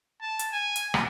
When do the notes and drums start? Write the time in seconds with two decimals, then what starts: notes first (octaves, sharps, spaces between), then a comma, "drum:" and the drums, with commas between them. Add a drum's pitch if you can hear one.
0.21 A5
0.39 drum: hi-hat
0.53 G#5
0.76 drum: hi-hat
0.94 drum: rim click